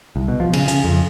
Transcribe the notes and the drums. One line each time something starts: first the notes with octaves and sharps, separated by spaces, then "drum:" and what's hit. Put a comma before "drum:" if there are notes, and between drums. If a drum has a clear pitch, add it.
C2
B2
F3
C#3, drum: cymbal
C#3, drum: hi-hat
F2